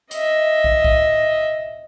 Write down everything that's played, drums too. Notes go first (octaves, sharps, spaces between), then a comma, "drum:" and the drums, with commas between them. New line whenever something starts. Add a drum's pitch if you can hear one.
D#5 E5, drum: hi-hat
drum: kick
drum: kick